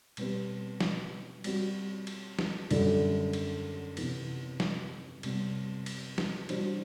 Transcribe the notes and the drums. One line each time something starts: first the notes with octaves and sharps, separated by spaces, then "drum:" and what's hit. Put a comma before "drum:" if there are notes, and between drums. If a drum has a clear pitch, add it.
B2 G3 C4 G4 B4, drum: cymbal
drum: snare
G3 C4 F#4, drum: cymbal
drum: cymbal
drum: snare
F#2 D3 G3 D4 A4, drum: cymbal
drum: cymbal
C3 E3 B3, drum: cymbal
drum: snare
C3 G3 B3, drum: cymbal
drum: cymbal
drum: snare
E3 G3 D4 F#4 C5, drum: cymbal